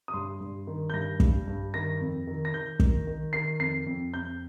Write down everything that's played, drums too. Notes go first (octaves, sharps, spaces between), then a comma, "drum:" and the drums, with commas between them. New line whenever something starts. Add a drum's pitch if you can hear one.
D#6
G2 C6
G2
D#3
G6
G2 A#6
G2, drum: kick
G2
D#3 A#6
F2
D#3
A#6
D#3 G6
D#3, drum: kick
D#3
D#3 C7
F2 C7
F2
F2 G6